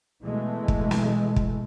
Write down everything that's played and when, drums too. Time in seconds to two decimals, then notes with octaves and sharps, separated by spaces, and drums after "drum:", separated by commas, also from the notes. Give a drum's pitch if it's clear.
0.23 B2 E3 G#3 A3
0.68 drum: kick
0.91 drum: snare
1.36 drum: kick